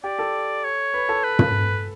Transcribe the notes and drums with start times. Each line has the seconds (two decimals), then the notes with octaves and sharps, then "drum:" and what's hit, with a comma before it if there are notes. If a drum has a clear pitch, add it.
0.04 G4 D5 G5
0.18 A4 A5
0.64 C#5
0.94 B4 B5
1.09 A4 A5
1.24 B4
1.39 drum: tom